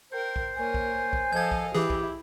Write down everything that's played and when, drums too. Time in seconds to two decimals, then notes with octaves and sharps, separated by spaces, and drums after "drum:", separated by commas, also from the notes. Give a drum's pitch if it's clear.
0.12 A#4 C5 G5
0.36 drum: kick B1
0.55 A#3 A#4 C#5 G#5
0.74 drum: kick B1
1.13 drum: kick B1
1.33 F3 A4 D#5 F5 G6 G#6
1.52 drum: kick B1
1.75 E3 E4 G4 G#4
1.90 drum: kick B1